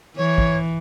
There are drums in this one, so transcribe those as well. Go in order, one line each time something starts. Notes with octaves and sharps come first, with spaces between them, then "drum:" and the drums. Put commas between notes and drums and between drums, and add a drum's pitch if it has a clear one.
E3 C#5
drum: kick